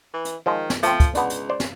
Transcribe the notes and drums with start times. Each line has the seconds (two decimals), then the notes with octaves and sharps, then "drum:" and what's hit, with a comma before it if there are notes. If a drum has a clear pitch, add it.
0.14 E3
0.25 drum: hi-hat
0.46 D#3 F3 G#3
0.70 drum: snare
0.83 F3 A3 C4, drum: hi-hat
1.00 drum: kick, hi-hat
1.15 C#2 B3 D4, drum: hi-hat
1.30 drum: hi-hat
1.50 C5 D5
1.60 drum: snare